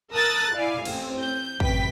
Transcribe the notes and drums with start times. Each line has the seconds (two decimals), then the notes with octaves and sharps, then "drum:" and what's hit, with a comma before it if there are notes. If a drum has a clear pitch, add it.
0.12 A#4 A5 D#6 E6 F#6 A6
0.53 E4 D5 F5 G#5
0.85 A1 C4, drum: cymbal
1.21 G6
1.60 A1 F#2 C3 B4 G5 B6, drum: kick